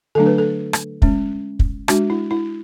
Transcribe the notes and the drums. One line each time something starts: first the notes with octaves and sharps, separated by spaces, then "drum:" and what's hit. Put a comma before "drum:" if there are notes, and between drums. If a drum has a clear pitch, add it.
D3 F#3 A3 D4 A4
B4
A4
drum: rim click
G#3 C#4, drum: kick
drum: kick
G#3 D4 F#4, drum: rim click
E4
E4